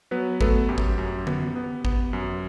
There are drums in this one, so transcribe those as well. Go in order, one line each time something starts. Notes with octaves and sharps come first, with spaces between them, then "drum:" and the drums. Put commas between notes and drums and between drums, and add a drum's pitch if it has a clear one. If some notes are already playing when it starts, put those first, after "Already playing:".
F#3 B3 B4
A3 B3 A4, drum: kick G#1
F#2 G4
drum: kick G#1
F#2
B3, drum: tom D3
B3
B3, drum: kick G#1
F#2